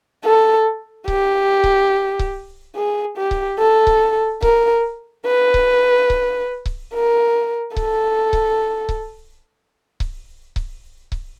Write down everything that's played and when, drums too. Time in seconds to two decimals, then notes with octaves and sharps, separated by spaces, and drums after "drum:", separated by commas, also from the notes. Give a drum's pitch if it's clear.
0.25 A4
1.08 G4, drum: kick C#1
1.64 drum: kick C#1
2.19 drum: kick C#1
2.76 G#4
3.17 G4
3.31 drum: kick C#1
3.59 A4
3.87 drum: kick C#1
4.42 A#4, drum: kick C#1
5.26 B4
5.54 drum: kick C#1
6.10 drum: kick C#1
6.66 drum: kick C#1
6.94 A#4
7.76 A4, drum: kick C#1
8.33 drum: kick C#1
8.89 drum: kick C#1
10.00 drum: kick C#1
10.56 drum: kick C#1
11.12 drum: kick C#1